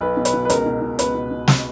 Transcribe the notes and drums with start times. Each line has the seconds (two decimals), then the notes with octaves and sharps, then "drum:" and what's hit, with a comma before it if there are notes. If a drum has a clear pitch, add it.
0.01 B1 B4
0.17 B2
0.25 B4, drum: hi-hat
0.33 B2
0.45 B4
0.50 C#2 A#4, drum: hi-hat
0.66 B2
0.82 B2
0.99 C#2 B4, drum: hi-hat
1.15 B2
1.31 B2
1.48 drum: snare